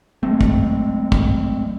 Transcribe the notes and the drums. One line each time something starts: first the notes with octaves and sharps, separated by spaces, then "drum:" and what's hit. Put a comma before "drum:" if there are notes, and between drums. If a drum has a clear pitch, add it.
F#3 G#3 A3 C4
drum: kick
drum: kick